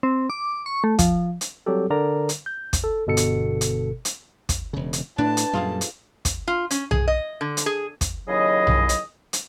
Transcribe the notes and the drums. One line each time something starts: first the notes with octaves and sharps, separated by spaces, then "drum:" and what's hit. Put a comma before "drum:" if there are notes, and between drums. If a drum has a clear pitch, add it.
C4
D6
C#6
A3
F3, drum: kick, hi-hat
drum: hi-hat
F#3 G3 C4 G4 A4
D3 A#4 D5 A#5
drum: hi-hat
G6
drum: kick, hi-hat
A4
G1 B2 A4 C#7
drum: hi-hat
drum: hi-hat
drum: hi-hat
drum: kick, hi-hat
E1 C#3
drum: hi-hat
A2 D4 B4 D5 A5
drum: hi-hat
F#2 A#2 G3 F4 G#4 F5
drum: hi-hat
drum: kick, hi-hat
F4
C#4, drum: hi-hat
G#4, drum: tom B1
D#5
D3
drum: hi-hat
G#4
drum: kick, hi-hat
D#2 C#3 F#3 E4 G#4 D#5
drum: tom B1
drum: hi-hat
drum: hi-hat